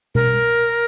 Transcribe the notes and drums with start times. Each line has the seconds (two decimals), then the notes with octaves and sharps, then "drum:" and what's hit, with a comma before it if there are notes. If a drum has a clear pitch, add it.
0.15 A#4, drum: tom B2